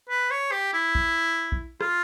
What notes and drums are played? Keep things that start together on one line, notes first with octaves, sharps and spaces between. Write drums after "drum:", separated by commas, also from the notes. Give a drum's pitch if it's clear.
B4
C#5
G4
E4
drum: kick A#1
drum: kick A#1
F4, drum: rim click